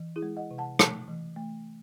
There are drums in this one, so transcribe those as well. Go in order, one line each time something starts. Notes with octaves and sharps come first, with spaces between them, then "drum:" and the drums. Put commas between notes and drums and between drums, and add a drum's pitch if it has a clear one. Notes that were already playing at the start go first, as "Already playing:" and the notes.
Already playing: E3
E4 G#4
G#3
D#5 F#5
C3
F#5 A5
A3 A5 C#6, drum: rim click
E3
A3